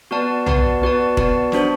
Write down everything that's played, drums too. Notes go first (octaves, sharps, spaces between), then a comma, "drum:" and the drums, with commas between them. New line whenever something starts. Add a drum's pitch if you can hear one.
B3 F#4 B4 D5 A5
B3 F#4 B4 D5 A5, drum: tom B1
B3 F#4 B4 D5 A5
B3 F#4 B4 D5 A5, drum: kick F1
B3 D4 F#4 C5, drum: snare